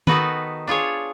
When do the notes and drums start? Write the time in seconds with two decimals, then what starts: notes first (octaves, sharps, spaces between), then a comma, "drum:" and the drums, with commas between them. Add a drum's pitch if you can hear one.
0.07 D#3 B3 D#4 F#4 A4 B4, drum: tom D#3
0.67 D4 F4 G#4 C#5